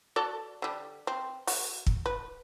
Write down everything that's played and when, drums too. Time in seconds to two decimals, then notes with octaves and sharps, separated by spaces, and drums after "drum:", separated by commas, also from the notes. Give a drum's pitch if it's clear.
0.16 F#4 A4 D5
0.62 D3 G3
1.07 C4
1.47 F#4, drum: open hi-hat
1.87 drum: kick
2.06 B4